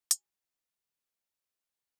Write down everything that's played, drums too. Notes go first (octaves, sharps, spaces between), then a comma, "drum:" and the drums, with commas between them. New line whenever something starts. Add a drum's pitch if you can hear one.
F#3 G#5, drum: hi-hat